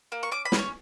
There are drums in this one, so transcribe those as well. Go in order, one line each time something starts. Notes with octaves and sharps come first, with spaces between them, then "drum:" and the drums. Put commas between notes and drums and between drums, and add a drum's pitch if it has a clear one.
A#3
C#6
C#4 D6
B5
C#4, drum: snare
C#5